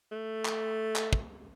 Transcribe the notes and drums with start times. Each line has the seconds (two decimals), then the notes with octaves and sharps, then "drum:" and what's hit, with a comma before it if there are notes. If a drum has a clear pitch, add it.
0.12 A3
0.45 drum: clap
0.96 drum: clap
1.13 drum: kick